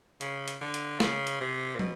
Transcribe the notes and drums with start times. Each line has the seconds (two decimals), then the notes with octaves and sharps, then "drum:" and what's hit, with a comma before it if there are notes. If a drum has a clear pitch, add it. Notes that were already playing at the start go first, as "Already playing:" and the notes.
0.21 C#3, drum: hi-hat
0.48 drum: hi-hat
0.61 D3
0.74 drum: hi-hat
1.00 C#3, drum: snare
1.27 drum: hi-hat
1.40 C3
1.76 A#2
1.79 B2, drum: tom